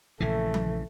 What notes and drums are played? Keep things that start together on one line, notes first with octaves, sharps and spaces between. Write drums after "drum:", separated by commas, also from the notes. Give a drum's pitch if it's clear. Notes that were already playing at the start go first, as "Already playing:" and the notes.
A#1 C#3 E3 A3
drum: tom F3